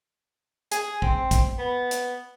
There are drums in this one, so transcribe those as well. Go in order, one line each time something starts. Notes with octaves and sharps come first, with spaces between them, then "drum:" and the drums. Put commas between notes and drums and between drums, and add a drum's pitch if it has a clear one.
G#4, drum: hi-hat
C4, drum: kick
drum: kick, hi-hat
B3
drum: hi-hat